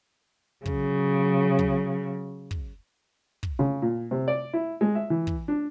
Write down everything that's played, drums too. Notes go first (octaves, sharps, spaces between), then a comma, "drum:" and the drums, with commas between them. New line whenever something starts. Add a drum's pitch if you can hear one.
C#3 F#3, drum: kick
drum: kick
drum: kick
drum: kick
C#3
A#2
C3
D5
E4
G#3
E5
E3
drum: kick
D4